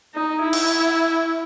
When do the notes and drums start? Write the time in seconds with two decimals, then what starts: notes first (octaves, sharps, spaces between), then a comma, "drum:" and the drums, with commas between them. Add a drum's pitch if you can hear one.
0.14 D#4
0.43 E4
0.53 drum: cymbal